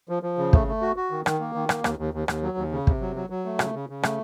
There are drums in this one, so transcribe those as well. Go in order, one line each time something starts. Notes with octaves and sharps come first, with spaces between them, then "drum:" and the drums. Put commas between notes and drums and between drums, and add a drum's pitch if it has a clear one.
F3
F3
C#3
A3, drum: kick
A3
F#4
F#4
D#3
D#3, drum: rim click
A#3
D#3
A#3, drum: rim click
D#2, drum: rim click
D#2
D#2
D#2, drum: rim click
F#3
D#2
C#3
C3, drum: kick
F#3
F#3
F#3
A3
C#3, drum: rim click
C#3
C#3
A3, drum: rim click